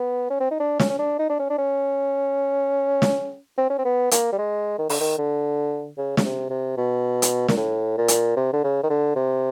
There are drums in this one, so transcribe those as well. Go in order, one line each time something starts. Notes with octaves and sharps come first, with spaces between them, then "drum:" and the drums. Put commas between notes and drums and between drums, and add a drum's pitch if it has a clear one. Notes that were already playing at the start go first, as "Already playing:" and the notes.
Already playing: B3
C#4
C4
D#4
D4
C#4, drum: snare
C#4
D4
D#4
D4
C#4
D4
C#4
drum: snare
C4
C#4
C4
B3
A#3, drum: hi-hat
G3
G#3
D#3
D3, drum: open hi-hat
D#3
D3
C#3
C#3, drum: snare
C3
C3
B2
drum: hi-hat
A#2, drum: snare
A2
A#2
drum: hi-hat
C3
D3
C#3
D#3
D3
C3